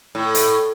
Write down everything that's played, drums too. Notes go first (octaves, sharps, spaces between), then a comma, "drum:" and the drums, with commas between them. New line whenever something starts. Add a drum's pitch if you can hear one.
A2
drum: hi-hat